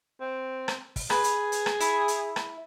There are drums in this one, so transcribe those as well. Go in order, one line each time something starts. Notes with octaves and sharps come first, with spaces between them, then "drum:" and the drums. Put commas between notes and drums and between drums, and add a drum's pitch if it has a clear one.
C4
drum: rim click
drum: kick, open hi-hat
G#4 B4, drum: rim click
drum: hi-hat
drum: hi-hat
drum: rim click
E4, drum: hi-hat
drum: hi-hat
drum: rim click